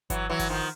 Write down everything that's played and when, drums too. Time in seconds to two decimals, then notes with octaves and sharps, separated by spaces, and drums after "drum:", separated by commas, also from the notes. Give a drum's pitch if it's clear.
0.10 E3 F#3, drum: kick G1, hi-hat
0.29 E3 F#3
0.39 drum: kick G1, open hi-hat
0.49 D#3 F3